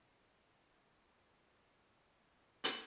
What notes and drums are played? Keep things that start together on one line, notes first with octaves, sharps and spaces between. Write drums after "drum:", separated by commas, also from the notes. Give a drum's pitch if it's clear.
F#5
G5
D5
E5
E5
F#5
E5
F#5
drum: hi-hat